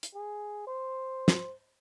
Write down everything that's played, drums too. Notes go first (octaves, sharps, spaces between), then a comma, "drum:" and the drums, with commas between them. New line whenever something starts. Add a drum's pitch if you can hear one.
drum: hi-hat
G#4
C5
drum: snare